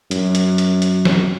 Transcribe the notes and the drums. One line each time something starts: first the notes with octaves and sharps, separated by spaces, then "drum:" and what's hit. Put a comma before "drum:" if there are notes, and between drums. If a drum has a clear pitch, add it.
F#2, drum: hi-hat
drum: hi-hat
drum: hi-hat
drum: hi-hat
drum: snare